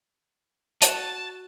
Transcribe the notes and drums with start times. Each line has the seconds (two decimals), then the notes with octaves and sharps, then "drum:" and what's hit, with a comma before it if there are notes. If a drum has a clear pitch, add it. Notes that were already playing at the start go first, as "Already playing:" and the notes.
0.82 F#4 A5, drum: hi-hat